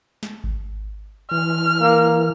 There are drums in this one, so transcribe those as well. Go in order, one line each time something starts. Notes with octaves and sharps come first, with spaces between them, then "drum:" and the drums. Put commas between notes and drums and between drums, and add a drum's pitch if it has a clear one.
drum: snare
drum: kick G#1
E3 F6
A#3